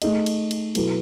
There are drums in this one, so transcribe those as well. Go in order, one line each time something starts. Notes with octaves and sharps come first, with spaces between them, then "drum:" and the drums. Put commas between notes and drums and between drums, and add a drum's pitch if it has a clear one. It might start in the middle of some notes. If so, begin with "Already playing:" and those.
A3 D#4 G#4 D#5, drum: cymbal
drum: cymbal
drum: cymbal
B2 F#3 B3 E4 A4, drum: cymbal